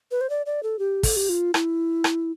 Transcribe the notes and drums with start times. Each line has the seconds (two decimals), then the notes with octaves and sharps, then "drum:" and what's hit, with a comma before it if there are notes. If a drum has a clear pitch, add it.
0.11 B4
0.21 C5
0.30 D5
0.46 D5
0.63 A4
0.79 G4
1.03 A4, drum: kick, open hi-hat
1.16 G4
1.29 F4
1.54 E4, drum: rim click
2.04 drum: rim click